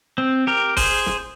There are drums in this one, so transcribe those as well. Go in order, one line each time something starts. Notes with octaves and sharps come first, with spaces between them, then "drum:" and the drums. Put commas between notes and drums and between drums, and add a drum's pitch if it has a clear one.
C4
G4 A#4
G#4 C5, drum: kick, open hi-hat
drum: snare